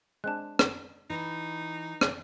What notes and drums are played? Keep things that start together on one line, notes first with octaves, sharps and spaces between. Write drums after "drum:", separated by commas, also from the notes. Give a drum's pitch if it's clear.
G#3 C4 D4 A5 F#6
drum: rim click
E3 D#4
drum: rim click